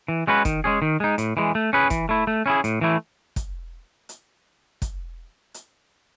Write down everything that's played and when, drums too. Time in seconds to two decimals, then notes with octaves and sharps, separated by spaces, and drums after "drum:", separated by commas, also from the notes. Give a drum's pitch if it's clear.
0.08 E3
0.27 G#3 C#4 F#4 B4
0.45 D#3, drum: kick, hi-hat
0.64 G#3 C#4 G#4
0.82 D#3
1.00 G#3 D#4
1.18 A2, drum: hi-hat
1.37 E3 G#3
1.55 A3
1.73 C#4 G#4 B4
1.90 E3, drum: kick, hi-hat
2.09 A3 E4
2.27 A3
2.46 C#4 E4 G#4
2.64 A2, drum: hi-hat
2.81 E3 A3 E4
3.36 drum: kick, hi-hat
4.09 drum: hi-hat
4.82 drum: kick, hi-hat
5.54 drum: hi-hat